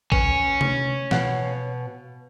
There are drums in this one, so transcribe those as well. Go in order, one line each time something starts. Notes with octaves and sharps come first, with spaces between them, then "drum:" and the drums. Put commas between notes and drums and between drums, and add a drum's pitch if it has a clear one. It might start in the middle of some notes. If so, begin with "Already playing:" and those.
B4 C#5 G#5, drum: kick
drum: tom C3
B2 F5 F#5, drum: snare